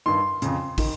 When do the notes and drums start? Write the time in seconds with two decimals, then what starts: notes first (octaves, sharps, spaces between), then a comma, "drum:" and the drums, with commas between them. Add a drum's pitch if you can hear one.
0.06 G2 D#3 C6
0.42 F2 C#3, drum: hi-hat
0.78 D#3, drum: kick, open hi-hat